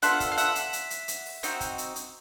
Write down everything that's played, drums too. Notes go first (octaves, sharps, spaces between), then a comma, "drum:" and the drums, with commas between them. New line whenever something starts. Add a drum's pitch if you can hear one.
B3 D4 F4 A4 E5 F#5, drum: hi-hat
drum: kick, hi-hat
F5
E5 F#5, drum: hi-hat
drum: hi-hat
drum: hi-hat
drum: hi-hat
drum: hi-hat
drum: open hi-hat
C4 D#4 F#4, drum: hi-hat
drum: kick, hi-hat
drum: hi-hat
drum: hi-hat